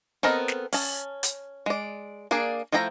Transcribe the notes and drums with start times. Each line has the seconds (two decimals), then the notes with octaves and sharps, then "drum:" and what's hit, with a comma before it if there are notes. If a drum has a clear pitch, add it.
0.23 B3 C4 A4 A#4 D#5
0.48 drum: snare
0.73 C#4 A5, drum: open hi-hat
1.23 drum: hi-hat
1.66 G#3 D5
2.31 A#3 D4 G#4 D5
2.72 F3 A3 E4 G5 A#5